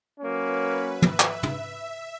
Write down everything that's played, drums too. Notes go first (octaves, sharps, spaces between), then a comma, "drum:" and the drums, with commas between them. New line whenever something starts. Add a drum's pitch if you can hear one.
F#3 A#3 C#4 B4
E5
drum: tom
drum: clap
E5, drum: tom